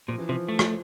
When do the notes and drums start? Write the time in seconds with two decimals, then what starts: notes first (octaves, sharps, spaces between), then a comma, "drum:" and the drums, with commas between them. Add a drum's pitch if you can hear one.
0.08 A#2 F3
0.18 E3
0.29 C3 F3
0.48 A3
0.59 drum: rim click